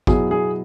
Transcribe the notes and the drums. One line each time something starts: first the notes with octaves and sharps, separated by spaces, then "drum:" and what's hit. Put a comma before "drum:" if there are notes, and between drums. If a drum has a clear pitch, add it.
B2 F#3 B3 E4 G#4, drum: kick
G#4